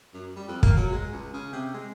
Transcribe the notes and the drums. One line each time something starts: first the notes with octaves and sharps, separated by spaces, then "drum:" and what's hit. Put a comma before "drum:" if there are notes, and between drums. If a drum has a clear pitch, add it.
F#2
G3
F2
A#3, drum: kick
F#3
G#3
C#2
C#3
C3
G#3